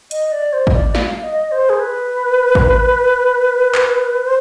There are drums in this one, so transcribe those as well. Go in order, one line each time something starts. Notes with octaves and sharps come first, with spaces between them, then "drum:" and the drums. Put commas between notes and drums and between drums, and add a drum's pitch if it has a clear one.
D#5, drum: hi-hat
D5
C5
D#5, drum: kick A1
D5
F5, drum: snare
D#5
C5
G#4
B4
drum: kick A1
drum: clap
C5